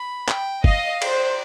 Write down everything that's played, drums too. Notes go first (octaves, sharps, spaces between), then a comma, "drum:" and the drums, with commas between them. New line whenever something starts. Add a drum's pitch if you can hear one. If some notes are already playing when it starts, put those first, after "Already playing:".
Already playing: B5
G5, drum: clap
D#5 F5, drum: kick
C5 D5, drum: cymbal